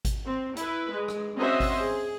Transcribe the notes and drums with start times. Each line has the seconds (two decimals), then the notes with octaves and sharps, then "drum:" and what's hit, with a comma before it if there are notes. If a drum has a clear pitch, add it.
0.05 drum: kick G#1, hi-hat
0.24 C4
0.57 E4 B4, drum: hi-hat
0.92 G#3
1.08 drum: rim click
1.36 C4 C#4 F#4 C5 D#5 E5
1.60 drum: kick G#1, open hi-hat
1.80 G#4